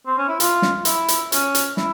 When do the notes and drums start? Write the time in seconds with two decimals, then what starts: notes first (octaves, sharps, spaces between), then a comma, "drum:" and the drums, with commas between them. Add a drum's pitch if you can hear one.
0.07 C4
0.18 C#4
0.28 E4
0.40 F4, drum: hi-hat
0.62 drum: snare
0.85 E4, drum: hi-hat
1.08 drum: hi-hat
1.32 C#4, drum: hi-hat
1.55 drum: hi-hat
1.77 E4, drum: snare